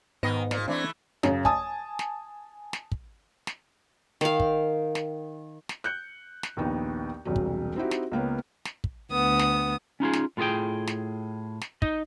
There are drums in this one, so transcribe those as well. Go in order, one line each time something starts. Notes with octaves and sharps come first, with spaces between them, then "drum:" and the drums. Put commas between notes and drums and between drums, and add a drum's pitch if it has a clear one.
G#2 D#3 B3 D#5
A#2, drum: snare
E3 A3 C4 D4 D5
F#2 C#3, drum: snare
G#5 A5 D#6, drum: kick
drum: snare
drum: snare
drum: kick
drum: snare
D#3 F5, drum: snare
drum: kick
drum: snare
drum: snare
F#6 G6 C#7
drum: snare
A#1 D#2 B3 D#4
E1 C2 F#3
drum: kick
C4 D#4 E4 F#4 G4
drum: snare
C#2 A#3 B3 C#4
drum: snare
drum: kick
D2 B3 D#6
drum: snare
C#4 D#4 F4 G#4
drum: snare
A2 F4 F#4 G#4 G5
drum: snare
drum: snare
D#4 D#5, drum: kick